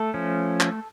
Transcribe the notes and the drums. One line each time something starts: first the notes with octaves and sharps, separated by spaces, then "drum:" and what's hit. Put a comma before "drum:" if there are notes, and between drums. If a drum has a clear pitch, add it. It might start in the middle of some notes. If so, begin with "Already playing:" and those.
Already playing: A3 A4
F3 C#4
drum: clap